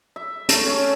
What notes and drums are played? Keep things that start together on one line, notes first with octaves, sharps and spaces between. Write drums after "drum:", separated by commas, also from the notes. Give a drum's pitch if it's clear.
E5
A3, drum: hi-hat
C#4